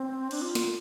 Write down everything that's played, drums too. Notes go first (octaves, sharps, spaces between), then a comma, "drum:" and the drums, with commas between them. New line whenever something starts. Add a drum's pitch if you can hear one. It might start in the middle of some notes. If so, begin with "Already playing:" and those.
Already playing: C4
D4, drum: cymbal
F4
drum: snare